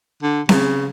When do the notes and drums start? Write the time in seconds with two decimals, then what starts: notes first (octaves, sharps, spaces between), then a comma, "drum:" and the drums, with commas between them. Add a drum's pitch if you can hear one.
0.23 D3
0.49 C#3, drum: snare C4